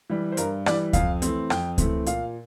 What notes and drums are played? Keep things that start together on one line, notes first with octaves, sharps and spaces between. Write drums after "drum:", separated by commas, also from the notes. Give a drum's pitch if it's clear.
E3 G3
C5
G2 A#4, drum: hi-hat
E3 G3 D5, drum: rim click
F2 F5, drum: kick C#2, hi-hat
E3 A3 C4, drum: hi-hat
F2 G5, drum: rim click
E3 A3 C4, drum: kick C#2, hi-hat
A#2 F5, drum: hi-hat